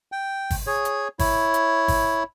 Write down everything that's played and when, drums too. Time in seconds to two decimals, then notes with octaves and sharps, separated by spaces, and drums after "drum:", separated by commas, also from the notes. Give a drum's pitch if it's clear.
0.12 G5
0.51 drum: kick G1, open hi-hat
0.67 G#4 C#5
0.85 drum: hi-hat
1.19 E4 C#5, drum: kick G1, open hi-hat
1.54 drum: hi-hat
1.88 drum: kick G1, open hi-hat